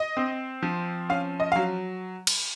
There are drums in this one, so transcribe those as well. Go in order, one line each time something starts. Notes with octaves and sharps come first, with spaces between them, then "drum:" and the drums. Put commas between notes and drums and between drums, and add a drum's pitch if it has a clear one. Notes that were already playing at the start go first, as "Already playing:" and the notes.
Already playing: D#5
C4
F3
C#4 F5
D#5
F#3 F5
drum: cymbal